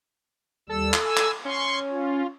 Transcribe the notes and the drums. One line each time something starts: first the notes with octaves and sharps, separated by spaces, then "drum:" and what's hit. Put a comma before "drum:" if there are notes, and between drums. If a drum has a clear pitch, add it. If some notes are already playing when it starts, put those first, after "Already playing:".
D#2 G3 A4 E6
drum: clap
G#5 E6
drum: clap
C#4 C6 C#6
F4